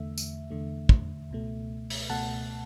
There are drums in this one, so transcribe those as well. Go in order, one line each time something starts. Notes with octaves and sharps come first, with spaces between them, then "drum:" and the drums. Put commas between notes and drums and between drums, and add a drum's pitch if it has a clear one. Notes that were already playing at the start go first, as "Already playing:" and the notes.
Already playing: E2 D3 A3 E5
drum: tambourine
E2 D3 A3
drum: kick
C#2 B2 A3
drum: open hi-hat
C#2 B2 A3 F#5 A5